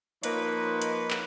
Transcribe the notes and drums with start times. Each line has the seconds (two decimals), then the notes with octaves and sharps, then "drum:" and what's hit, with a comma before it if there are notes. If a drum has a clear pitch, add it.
0.23 F3 A#3 D#4 B4 C#5, drum: hi-hat
0.82 drum: hi-hat
1.11 drum: clap